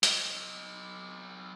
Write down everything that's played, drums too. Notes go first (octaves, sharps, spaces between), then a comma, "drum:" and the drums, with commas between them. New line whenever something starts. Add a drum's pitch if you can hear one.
F#3 D#5, drum: hi-hat